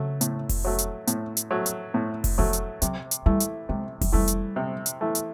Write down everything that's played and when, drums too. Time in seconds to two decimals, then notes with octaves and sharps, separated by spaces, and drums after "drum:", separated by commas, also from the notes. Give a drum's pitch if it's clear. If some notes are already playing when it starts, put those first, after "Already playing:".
Already playing: C#3 F#3 A3
0.21 A2, drum: hi-hat
0.49 drum: kick F1, open hi-hat
0.65 F#3 A3
0.78 drum: hi-hat
1.07 A2, drum: hi-hat
1.37 drum: hi-hat
1.51 F#3 A3
1.66 drum: hi-hat
1.94 A2
2.24 drum: kick F1, open hi-hat
2.38 F3 F#3 A3
2.53 drum: hi-hat
2.82 C3 F#3, drum: hi-hat
3.11 drum: hi-hat
3.26 E3 G3 A3
3.40 drum: hi-hat
3.69 C3 G#3
4.01 F#3, drum: kick F1, open hi-hat
4.12 E3 G3 A3
4.28 drum: hi-hat
4.56 C3
4.86 drum: hi-hat
5.01 E3 A3
5.15 drum: hi-hat